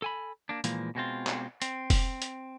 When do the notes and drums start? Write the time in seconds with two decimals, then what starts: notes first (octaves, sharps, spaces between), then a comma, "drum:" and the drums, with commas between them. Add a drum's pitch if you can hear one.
0.02 A4 G#5 B5
0.49 A#3 D4
0.64 A#2 E3 F3 G#3 A#3, drum: hi-hat
0.95 B2 G#3 C4 F4
1.27 drum: clap
1.62 C4, drum: hi-hat
1.90 drum: kick F1, open hi-hat
2.22 drum: hi-hat